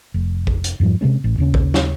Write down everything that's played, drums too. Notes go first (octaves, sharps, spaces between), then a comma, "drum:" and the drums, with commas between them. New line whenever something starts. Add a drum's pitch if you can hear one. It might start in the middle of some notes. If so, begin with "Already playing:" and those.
F1
drum: kick A#1
drum: hi-hat
F2 G#2 F3 G3
C3 D#3 G#3 C#4
A1
D#2 C#3 C#4
drum: kick A#1
drum: snare